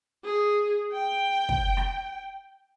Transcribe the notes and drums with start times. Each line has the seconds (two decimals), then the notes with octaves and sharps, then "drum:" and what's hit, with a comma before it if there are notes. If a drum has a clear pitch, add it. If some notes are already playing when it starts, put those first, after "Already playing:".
0.24 G#4
0.92 G5
1.49 drum: kick
1.77 drum: rim click